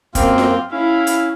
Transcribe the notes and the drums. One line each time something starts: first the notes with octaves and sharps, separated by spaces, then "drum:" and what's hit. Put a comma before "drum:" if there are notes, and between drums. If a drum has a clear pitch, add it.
F#2 A#3 C4 F4, drum: kick, hi-hat
drum: snare F4
C#4 E4 F5
drum: hi-hat